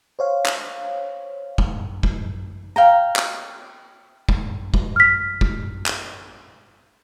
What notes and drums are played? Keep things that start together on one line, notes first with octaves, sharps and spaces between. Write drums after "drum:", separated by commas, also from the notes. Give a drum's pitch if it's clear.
C5 C#5 F5
drum: clap
drum: kick
drum: kick
F5 G5 A#5
drum: clap
drum: kick
drum: kick
F6 B6
drum: kick
drum: clap